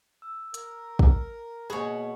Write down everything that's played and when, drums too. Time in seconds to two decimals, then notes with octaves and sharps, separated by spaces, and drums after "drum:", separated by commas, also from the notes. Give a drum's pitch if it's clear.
0.22 E6
0.54 A#4, drum: hi-hat
0.99 drum: kick
1.70 B2 A#3 F#4 G#4 C#5 B5